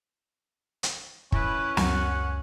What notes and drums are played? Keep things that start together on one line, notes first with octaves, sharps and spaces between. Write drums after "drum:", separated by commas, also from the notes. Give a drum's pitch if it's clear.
drum: hi-hat
C#4 E4 B4, drum: kick
C#2 F#2 F#5, drum: snare